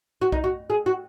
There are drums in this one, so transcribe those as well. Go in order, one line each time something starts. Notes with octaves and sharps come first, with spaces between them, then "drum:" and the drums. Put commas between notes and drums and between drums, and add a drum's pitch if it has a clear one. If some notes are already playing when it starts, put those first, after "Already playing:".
F#4
D#4, drum: kick B1
F#4
G#4
F#4